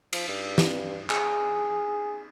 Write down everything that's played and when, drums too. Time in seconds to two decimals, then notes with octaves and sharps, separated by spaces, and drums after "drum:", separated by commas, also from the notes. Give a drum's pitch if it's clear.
0.13 F3, drum: cymbal
0.28 G2
0.58 drum: snare
1.10 G#4, drum: clap